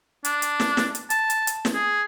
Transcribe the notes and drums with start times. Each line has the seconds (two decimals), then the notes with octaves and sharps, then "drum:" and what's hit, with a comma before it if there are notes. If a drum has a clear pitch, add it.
0.25 D4, drum: hi-hat
0.42 drum: hi-hat
0.60 drum: snare
0.77 drum: snare
0.95 drum: hi-hat
1.10 A5, drum: hi-hat
1.30 drum: hi-hat
1.47 drum: hi-hat
1.65 drum: snare
1.74 G#4